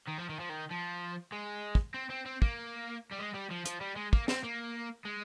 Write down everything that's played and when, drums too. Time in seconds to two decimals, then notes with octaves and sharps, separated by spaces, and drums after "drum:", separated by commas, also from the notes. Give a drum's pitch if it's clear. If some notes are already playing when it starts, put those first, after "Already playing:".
0.08 D#3
0.18 F3
0.30 D#3
0.40 F3
0.49 D#3
0.71 F3
1.32 G#3
1.75 drum: kick
1.94 C4
2.10 C4
2.26 C4
2.42 A#3, drum: kick
3.11 G3
3.18 G#3
3.34 G3
3.50 F3
3.66 F3, drum: hi-hat
3.81 G3
3.96 G#3
4.13 A#3, drum: kick
4.28 C4, drum: snare
4.44 A#3
5.05 G#3